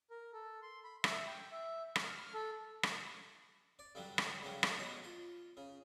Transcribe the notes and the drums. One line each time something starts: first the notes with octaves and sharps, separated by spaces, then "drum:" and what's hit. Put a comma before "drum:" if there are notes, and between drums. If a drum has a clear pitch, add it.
A#4
A4
C6
B5
E5, drum: rim click
G5
E5
F6, drum: rim click
F6
A4
drum: rim click
D5
G2 D3 F#3 G3
drum: rim click
C#3 F#3 G3
drum: rim click
B2 F#3 D#6
F4
C#3